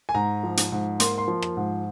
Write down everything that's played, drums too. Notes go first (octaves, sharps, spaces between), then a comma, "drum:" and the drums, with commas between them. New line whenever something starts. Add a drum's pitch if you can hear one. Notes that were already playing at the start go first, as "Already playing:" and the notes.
G#5
G#2 A#5
F3
drum: hi-hat
G#2
A#3 C6, drum: hi-hat
C6
F3
drum: rim click
G#2